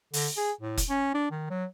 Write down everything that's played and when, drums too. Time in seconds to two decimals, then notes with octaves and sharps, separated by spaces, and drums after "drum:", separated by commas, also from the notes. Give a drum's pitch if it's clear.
0.13 D3, drum: open hi-hat
0.37 G#4
0.61 A2
0.77 drum: kick F1, hi-hat
0.89 C#4
1.14 D4
1.31 D#3
1.50 F#3